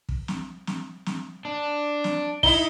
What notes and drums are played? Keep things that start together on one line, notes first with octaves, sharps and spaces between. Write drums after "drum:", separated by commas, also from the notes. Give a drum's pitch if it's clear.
drum: kick
drum: snare
drum: snare
drum: snare
D4
drum: snare
D#4 E4 G7, drum: kick